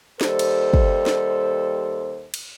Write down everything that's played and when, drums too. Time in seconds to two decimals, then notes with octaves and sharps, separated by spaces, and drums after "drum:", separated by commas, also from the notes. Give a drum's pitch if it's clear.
0.21 D#2 G3 A4 C5, drum: snare
0.39 drum: cymbal
0.74 drum: kick
1.06 drum: snare
2.34 drum: cymbal